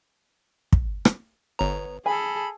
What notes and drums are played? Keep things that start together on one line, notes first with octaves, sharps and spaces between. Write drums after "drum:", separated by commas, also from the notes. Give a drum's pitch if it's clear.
drum: kick
drum: rim click
G1 B3 C#5 A#5
G#4 A4 G#5 B5